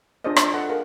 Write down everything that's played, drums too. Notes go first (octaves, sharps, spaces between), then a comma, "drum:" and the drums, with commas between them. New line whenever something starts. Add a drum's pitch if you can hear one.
D4 F4 G#4 C5 D5 D#5
A5 C6, drum: rim click
A4 F#5
G#4 A#4 F5